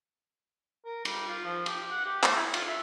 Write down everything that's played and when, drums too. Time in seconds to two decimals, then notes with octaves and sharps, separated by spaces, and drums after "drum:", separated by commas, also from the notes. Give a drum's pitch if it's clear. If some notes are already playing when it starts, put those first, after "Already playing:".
0.85 A#4
1.05 G3, drum: cymbal
1.27 F4
1.45 F3
1.66 G4, drum: cymbal
1.91 F#5
2.05 G4
2.23 A3, drum: clap
2.36 E4
2.54 F4, drum: cymbal
2.67 E5